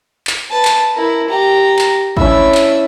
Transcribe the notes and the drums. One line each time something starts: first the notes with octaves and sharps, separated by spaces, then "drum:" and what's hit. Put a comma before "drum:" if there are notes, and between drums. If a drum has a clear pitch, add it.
drum: clap
B4 A5
drum: clap
E4 A#4
G4 A#5
drum: clap
C#4 D4 E4 E5, drum: kick
drum: clap